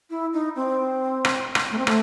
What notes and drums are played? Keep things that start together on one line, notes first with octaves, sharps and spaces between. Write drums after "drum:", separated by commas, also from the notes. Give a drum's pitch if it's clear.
E4
D#4
C4
drum: rim click
drum: rim click
A3
C4
A3, drum: rim click